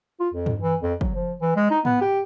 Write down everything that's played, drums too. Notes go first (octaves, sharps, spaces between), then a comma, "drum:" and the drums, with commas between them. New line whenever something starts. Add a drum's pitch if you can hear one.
F4
F2
drum: tom G2
E3
F2
F#3, drum: kick
F3
E3
G#3
D#4
B3, drum: tom G#2
G4